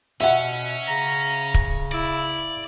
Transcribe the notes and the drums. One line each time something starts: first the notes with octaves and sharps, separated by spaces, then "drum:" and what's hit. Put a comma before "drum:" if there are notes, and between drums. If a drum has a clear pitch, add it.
B2 C#4 E5 F#5
C#3 A#5
drum: kick C#1
E4 D5